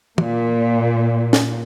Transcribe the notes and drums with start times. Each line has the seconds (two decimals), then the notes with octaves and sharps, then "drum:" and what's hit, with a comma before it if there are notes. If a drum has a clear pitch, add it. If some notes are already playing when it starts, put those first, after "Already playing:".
0.18 A#2, drum: tom
1.33 drum: snare